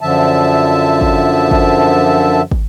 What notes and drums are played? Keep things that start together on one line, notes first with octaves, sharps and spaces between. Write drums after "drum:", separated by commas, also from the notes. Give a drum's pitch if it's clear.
F#2 D3 F3 E5 A5
drum: kick
drum: kick
drum: kick